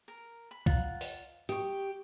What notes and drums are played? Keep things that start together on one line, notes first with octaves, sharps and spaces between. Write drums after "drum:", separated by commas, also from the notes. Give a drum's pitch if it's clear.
A#4
B5
F4 F#5 A#5, drum: kick C2
drum: open hi-hat
G4 C#6 D#6, drum: hi-hat